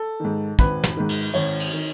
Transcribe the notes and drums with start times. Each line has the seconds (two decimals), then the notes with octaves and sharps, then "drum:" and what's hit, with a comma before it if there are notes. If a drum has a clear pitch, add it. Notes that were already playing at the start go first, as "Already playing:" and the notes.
Already playing: A4
0.20 G#2 D#3
0.59 G#1 B4, drum: kick
0.84 drum: snare
0.97 G#2 D#3
1.09 drum: cymbal
1.34 G#1 C#5, drum: cymbal
1.60 drum: cymbal
1.73 D#3